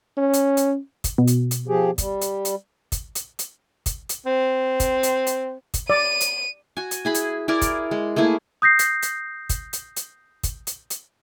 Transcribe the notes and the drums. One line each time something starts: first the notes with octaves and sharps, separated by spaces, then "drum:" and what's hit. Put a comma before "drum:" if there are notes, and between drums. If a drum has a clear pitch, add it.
C#4
drum: hi-hat
drum: hi-hat
drum: kick, hi-hat
B2
drum: hi-hat
drum: hi-hat
F3 G4 G#4
G3, drum: kick, hi-hat
drum: hi-hat
drum: hi-hat
drum: kick, hi-hat
drum: hi-hat
drum: hi-hat
drum: kick, hi-hat
drum: hi-hat
C4
drum: kick, hi-hat
drum: hi-hat
drum: hi-hat
drum: kick, hi-hat
D5 D#7
drum: hi-hat
F#4 G#5
drum: hi-hat
E4 G#4 B5
drum: hi-hat
E4 G#4 A#4 D5
drum: kick, hi-hat
G#3
A3 A#3 E4 G#4
D#6 G6 A#6 C7
drum: hi-hat
drum: hi-hat
drum: kick, hi-hat
drum: hi-hat
drum: hi-hat
drum: kick, hi-hat
drum: hi-hat
drum: hi-hat